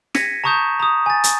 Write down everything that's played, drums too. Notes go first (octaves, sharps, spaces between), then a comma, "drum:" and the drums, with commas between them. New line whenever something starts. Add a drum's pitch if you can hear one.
G#6 A#6 B6 C#7 D#7, drum: snare
A5 A#5 C#6 D#6 G6 E7
A#5 D#6
G#5 A6
drum: hi-hat